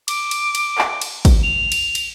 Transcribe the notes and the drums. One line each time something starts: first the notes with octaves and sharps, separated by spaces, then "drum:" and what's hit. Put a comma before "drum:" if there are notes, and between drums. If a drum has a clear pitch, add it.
D6, drum: cymbal
drum: cymbal
drum: cymbal
drum: clap
drum: cymbal
drum: kick, cymbal
F7
drum: cymbal
drum: cymbal